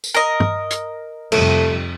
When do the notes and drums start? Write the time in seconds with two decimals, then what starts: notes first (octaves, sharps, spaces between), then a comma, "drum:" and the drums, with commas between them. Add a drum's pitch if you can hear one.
0.04 drum: tambourine
0.14 A#4 D#5
0.40 drum: tom
0.70 drum: hi-hat
1.32 F2 C3 G3 A3, drum: cymbal